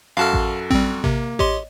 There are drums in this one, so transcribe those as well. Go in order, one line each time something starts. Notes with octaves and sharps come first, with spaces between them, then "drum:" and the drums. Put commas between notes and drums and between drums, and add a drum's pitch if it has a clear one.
F#2 F#4 A4 F5 A5 F6
drum: kick A1
G3 C4, drum: kick A1
C3 A#3, drum: kick A1
G4 C#5 D#5 C6, drum: kick A1